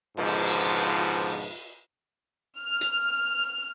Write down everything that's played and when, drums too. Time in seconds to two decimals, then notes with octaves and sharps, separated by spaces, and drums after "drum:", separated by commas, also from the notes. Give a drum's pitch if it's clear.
0.17 C#2 G#2 B2 D3 F3, drum: cymbal
2.59 F6
2.81 drum: hi-hat